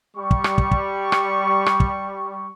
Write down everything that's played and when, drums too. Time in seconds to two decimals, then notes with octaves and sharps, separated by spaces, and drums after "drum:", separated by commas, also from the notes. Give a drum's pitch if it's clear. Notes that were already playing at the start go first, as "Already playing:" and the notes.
0.17 G3 C#6
0.31 drum: kick
0.44 drum: rim click
0.58 drum: kick
0.71 drum: kick
1.12 drum: rim click
1.66 drum: rim click
1.80 drum: kick